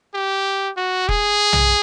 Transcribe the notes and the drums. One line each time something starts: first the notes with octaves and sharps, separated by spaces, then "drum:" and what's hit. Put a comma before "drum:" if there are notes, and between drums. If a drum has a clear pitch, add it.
G4
F#4
G#4, drum: kick E1
drum: tom B1